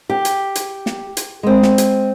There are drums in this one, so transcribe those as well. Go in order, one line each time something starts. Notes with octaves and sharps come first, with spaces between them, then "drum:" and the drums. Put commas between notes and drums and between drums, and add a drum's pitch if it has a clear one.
G4
drum: hi-hat
drum: hi-hat
drum: snare
drum: hi-hat
G#3 C4
drum: snare
drum: hi-hat